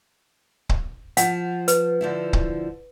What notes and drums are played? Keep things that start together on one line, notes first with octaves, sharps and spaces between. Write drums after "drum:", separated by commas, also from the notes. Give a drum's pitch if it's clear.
drum: kick C#1
F3 F#5, drum: hi-hat
B4, drum: hi-hat
D3 F3 E4
drum: kick C#1